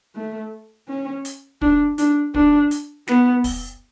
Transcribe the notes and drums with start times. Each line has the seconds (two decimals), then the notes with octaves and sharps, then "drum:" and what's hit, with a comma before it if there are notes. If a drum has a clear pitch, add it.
0.15 A3
0.88 C#4
1.25 drum: hi-hat
1.61 D4, drum: kick
1.98 D4, drum: hi-hat
2.34 D4, drum: kick
2.71 drum: hi-hat
3.07 B3, drum: snare
3.44 drum: kick, open hi-hat